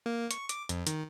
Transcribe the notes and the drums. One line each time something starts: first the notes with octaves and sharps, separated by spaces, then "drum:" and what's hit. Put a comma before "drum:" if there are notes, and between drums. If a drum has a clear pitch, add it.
A#3
C#6, drum: hi-hat
D6, drum: hi-hat
F2, drum: hi-hat
D#3, drum: hi-hat